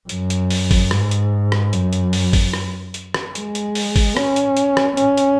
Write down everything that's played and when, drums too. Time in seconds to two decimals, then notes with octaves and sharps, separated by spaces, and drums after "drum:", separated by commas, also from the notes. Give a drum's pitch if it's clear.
0.09 F#2, drum: hi-hat
0.30 drum: hi-hat
0.50 drum: open hi-hat
0.71 drum: kick, open hi-hat
0.91 G#2, drum: rim click
1.11 drum: hi-hat
1.52 drum: rim click
1.73 F#2, drum: hi-hat
1.93 drum: hi-hat
2.13 drum: open hi-hat
2.33 drum: kick, open hi-hat
2.54 drum: rim click
2.94 drum: hi-hat
3.14 drum: rim click
3.35 G#3, drum: hi-hat
3.55 drum: hi-hat
3.75 drum: open hi-hat
3.96 drum: kick, open hi-hat
4.17 C#4, drum: rim click
4.36 drum: hi-hat
4.57 drum: hi-hat
4.77 drum: rim click
4.97 C#4, drum: hi-hat
5.17 drum: hi-hat